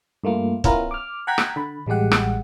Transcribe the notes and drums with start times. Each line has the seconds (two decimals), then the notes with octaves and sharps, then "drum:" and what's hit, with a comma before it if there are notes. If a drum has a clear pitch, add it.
0.24 G2 A3 A#3 F4
0.64 B3 C#4 E4 F4 A#4 B4, drum: kick
0.91 D6 F6
1.27 F#5 G5 A#5 F#6 G#6 B6
1.38 drum: rim click
1.56 D3 B5
1.86 A1 G3 G#3 G4 F#5
2.11 drum: rim click